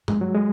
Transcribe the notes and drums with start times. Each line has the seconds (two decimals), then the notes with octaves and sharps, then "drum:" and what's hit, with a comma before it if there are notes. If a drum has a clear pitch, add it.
0.08 G#3, drum: tom G2
0.21 F#3
0.35 G#3